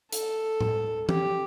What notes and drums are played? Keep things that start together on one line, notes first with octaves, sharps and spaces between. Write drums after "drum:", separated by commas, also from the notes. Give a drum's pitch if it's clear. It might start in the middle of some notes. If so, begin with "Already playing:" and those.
A4, drum: hi-hat
drum: tom A2
G4, drum: tom E3